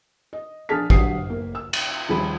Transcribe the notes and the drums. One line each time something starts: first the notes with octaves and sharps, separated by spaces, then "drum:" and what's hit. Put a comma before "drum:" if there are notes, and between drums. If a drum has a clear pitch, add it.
D#5
A#1 D4 G#4 A5 F6 B6
F#3 D4 G4 D#6 C7, drum: kick
A#3
E6
drum: cymbal
D#1 F3 G3 C4 G#4 B5